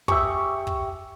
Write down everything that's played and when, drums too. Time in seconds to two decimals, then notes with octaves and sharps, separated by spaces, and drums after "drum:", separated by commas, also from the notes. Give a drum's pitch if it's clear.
0.08 G4 G#4 E5 C#6, drum: kick
0.67 drum: kick